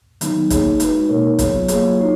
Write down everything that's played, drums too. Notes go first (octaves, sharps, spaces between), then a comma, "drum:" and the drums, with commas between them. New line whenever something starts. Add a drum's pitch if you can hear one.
D#3 F#3 B3 D#4, drum: hi-hat
A#3 D#4 G#4 C#5, drum: kick, hi-hat
G#3 D#4 F#4 B4, drum: hi-hat
B2 A#3 D#4 A#4 C#5
F#3 B3 F4 G#4 C#5, drum: kick, hi-hat
F#3 A#3 F4 G#4 C#5, drum: hi-hat
D#4 F#4 C#5